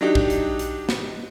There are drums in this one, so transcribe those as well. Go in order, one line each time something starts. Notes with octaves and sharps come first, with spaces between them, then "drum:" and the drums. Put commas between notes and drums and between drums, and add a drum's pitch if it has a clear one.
F#3 D4 D#4 G4
drum: kick
drum: hi-hat
drum: hi-hat
drum: snare